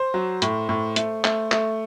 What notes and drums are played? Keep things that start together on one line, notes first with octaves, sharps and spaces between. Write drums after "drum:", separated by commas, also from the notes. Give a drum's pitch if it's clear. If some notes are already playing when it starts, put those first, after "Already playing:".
Already playing: C5
F#3
A2, drum: hi-hat
A2
A3, drum: hi-hat
A3, drum: clap
A3, drum: clap